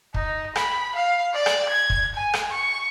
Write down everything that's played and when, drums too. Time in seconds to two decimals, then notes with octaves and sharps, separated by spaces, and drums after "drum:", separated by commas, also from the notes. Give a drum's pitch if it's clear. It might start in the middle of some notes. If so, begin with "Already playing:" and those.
0.14 D#4, drum: kick
0.56 B5, drum: rim click
0.95 F5
1.34 D5
1.46 drum: rim click
1.69 G#6
1.90 drum: kick
2.15 G#5
2.33 drum: rim click
2.50 C#6